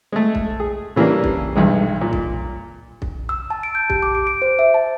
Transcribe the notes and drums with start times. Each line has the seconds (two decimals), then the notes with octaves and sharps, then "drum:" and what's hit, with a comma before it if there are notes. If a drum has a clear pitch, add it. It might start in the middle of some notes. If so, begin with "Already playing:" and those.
0.12 G#3 A3
0.35 drum: kick
0.60 G#4
0.96 C#3 E3 G3 A#3 D4
1.24 drum: kick
1.56 B1 E2 G2 G#3
2.01 A#2
2.13 drum: kick
3.02 drum: kick
3.29 E6
3.50 A5
3.63 D7
3.75 G6
3.90 G4, drum: kick
4.03 D6
4.15 D7
4.27 D7
4.42 C5
4.59 E5
4.74 A5